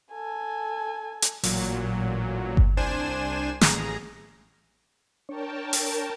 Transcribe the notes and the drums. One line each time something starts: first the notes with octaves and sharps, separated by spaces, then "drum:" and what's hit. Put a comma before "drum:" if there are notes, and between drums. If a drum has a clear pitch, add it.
A4 G#5
drum: hi-hat
A1 A#2 F#3, drum: open hi-hat
drum: kick G1
C2 D4 C5 G#5 E7
A1 G#4 A#5, drum: snare
D4 A#4 C#5 G5 A5
drum: open hi-hat